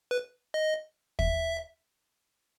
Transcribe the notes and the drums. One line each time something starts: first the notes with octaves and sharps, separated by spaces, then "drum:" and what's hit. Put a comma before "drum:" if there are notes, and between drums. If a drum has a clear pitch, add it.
B4
D#5
E5, drum: kick